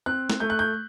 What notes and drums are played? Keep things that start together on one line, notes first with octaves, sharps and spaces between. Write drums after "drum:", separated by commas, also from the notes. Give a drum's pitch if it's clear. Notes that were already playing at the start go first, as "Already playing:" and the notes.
C4 F#6
drum: snare
A3 G6
F#6
G6